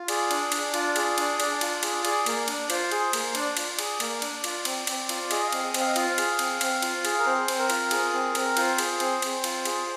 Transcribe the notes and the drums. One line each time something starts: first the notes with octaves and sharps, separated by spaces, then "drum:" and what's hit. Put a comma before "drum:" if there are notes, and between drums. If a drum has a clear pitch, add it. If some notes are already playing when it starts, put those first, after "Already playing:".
Already playing: F4
G#4 D5, drum: cymbal
D4, drum: cymbal
D4, drum: cymbal
F4, drum: cymbal
G#4, drum: cymbal
D4, drum: cymbal
D4, drum: cymbal
F4, drum: cymbal
G#4, drum: cymbal
G#4 D5, drum: cymbal
A#3, drum: cymbal
D4, drum: cymbal
F4 C5, drum: cymbal
G#4, drum: cymbal
A#3, drum: cymbal
D4 D5, drum: cymbal
F4, drum: cymbal
G#4, drum: cymbal
A#3, drum: cymbal
D4, drum: cymbal
F4, drum: cymbal
C4, drum: cymbal
C4, drum: cymbal
F4, drum: cymbal
G#4 D#5, drum: cymbal
D#5
F5
C4, drum: cymbal
D#5
C4, drum: cymbal
F5
D#5
F4 F5, drum: cymbal
G#4, drum: cymbal
C4, drum: cymbal
C4, drum: cymbal
F4, drum: cymbal
G#4, drum: cymbal
A#4
C4 C5
C4, drum: cymbal
A#4
F4, drum: cymbal
G#4, drum: cymbal
C4
C4, drum: cymbal
F4 C5, drum: cymbal
G#4, drum: cymbal
C4, drum: cymbal
C4, drum: cymbal
F4, drum: cymbal
G#4, drum: cymbal